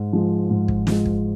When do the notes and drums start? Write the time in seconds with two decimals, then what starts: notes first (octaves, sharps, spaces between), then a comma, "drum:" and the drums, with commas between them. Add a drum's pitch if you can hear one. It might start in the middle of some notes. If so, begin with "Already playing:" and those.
Already playing: G#2
0.13 F3 G#3
0.50 G#2
0.68 drum: kick
0.87 F3 G#3, drum: snare
1.06 drum: kick